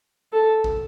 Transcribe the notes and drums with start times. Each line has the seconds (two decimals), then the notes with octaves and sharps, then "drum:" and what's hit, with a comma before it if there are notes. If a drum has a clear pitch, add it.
0.33 A4
0.64 drum: kick